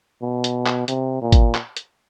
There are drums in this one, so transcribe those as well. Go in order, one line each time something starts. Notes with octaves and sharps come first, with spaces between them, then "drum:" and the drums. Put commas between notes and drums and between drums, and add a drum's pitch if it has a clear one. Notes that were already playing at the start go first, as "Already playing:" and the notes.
B2
drum: hi-hat
drum: clap
C3, drum: hi-hat
A#2
drum: kick G#1, hi-hat
drum: clap
drum: hi-hat